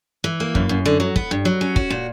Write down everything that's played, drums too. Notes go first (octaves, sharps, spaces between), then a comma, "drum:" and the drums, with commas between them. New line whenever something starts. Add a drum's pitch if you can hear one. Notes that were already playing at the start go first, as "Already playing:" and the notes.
E3
A#3
F#2, drum: kick
F#2
D3
F#3
B3, drum: kick
G2
F#3
C#4
F#4, drum: kick
A#2